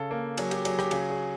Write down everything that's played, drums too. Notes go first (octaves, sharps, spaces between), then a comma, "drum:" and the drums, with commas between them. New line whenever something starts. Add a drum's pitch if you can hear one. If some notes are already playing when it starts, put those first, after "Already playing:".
Already playing: C#3 A4
A#3
F#3 G#4, drum: cymbal
G4, drum: cymbal
F#3 G#4, drum: cymbal
G4, drum: rim click
C#3 G#4, drum: cymbal
G#4